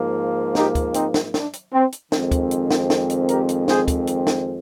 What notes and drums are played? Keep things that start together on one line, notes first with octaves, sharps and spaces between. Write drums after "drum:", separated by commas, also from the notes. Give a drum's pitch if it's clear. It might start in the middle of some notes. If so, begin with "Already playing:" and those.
Already playing: G#2 F3 A#3
D#4 G4, drum: snare
drum: kick, hi-hat
C4 D#4, drum: hi-hat
drum: snare
D4, drum: snare
drum: hi-hat
C4
drum: hi-hat
F2 D#3 G#3 C4, drum: snare
drum: kick, hi-hat
drum: hi-hat
drum: snare
drum: snare
drum: hi-hat
G4 A#4, drum: hi-hat
drum: hi-hat
G#4 C5, drum: snare
drum: kick, hi-hat
drum: hi-hat
drum: snare